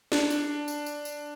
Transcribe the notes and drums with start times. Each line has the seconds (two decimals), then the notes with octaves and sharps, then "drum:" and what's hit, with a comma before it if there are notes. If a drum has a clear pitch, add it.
0.12 D4, drum: snare
0.30 drum: tambourine
0.68 drum: tambourine
0.86 drum: tambourine
1.05 drum: tambourine